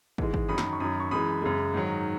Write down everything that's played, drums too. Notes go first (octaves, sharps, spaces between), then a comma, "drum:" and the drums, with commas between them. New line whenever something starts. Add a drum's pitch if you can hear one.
G#2 E3 G#3, drum: kick
drum: kick
F#2 D#3 F#3 B5 D#6
drum: snare
C#6
F#2 D#3 F#3 B5 D#6
C#6
F#2 E3 G#3 B5 D#6
F#2 C#3 G#3
G#2 D#3 F#3